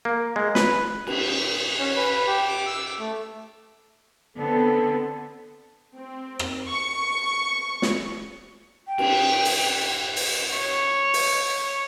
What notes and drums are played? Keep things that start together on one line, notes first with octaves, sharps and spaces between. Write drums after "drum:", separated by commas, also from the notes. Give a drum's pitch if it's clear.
A#3
G#3
B4, drum: snare
drum: cymbal
C#4
B4
B4
G4
D6
E6
D6
A3
D3 B3 C4 A4
C4
drum: rim click
C#6
drum: snare
G5
drum: cymbal
drum: open hi-hat
drum: open hi-hat
C#5
drum: open hi-hat